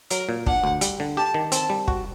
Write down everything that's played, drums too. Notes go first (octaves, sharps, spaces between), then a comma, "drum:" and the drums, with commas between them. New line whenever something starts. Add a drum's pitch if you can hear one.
F#3 A#4, drum: hi-hat
A#2
D4 F#5, drum: kick
D2
G3, drum: hi-hat
D3
G4 A5
D#3
C4 A5, drum: hi-hat
G3
F#4, drum: kick